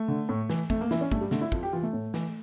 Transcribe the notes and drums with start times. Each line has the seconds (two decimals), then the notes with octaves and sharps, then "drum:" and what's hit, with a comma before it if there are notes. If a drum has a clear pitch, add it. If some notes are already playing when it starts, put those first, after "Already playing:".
Already playing: A3
0.08 D3
0.29 A2
0.49 E3, drum: snare
0.70 F2 A3, drum: kick
0.81 A#3
0.91 E3 E4, drum: snare
1.01 C#4
1.11 G2 A3, drum: kick
1.21 G3
1.31 D3 A3, drum: snare
1.41 E4
1.52 F2 F4, drum: kick
1.63 G4
1.73 E3 F4
1.83 A3
1.93 A2
2.14 E3, drum: snare